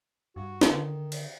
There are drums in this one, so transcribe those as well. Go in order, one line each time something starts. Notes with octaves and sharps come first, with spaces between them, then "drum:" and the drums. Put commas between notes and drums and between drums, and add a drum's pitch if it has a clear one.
G2 F#4
drum: snare
D3 D#3
drum: cymbal